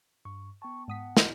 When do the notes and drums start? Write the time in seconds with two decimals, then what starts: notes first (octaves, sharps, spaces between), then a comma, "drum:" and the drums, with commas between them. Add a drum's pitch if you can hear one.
0.25 G2 C#6
0.62 B3 G5 A5 C#6
0.88 G#2 F#5 D#6 B6
1.17 drum: snare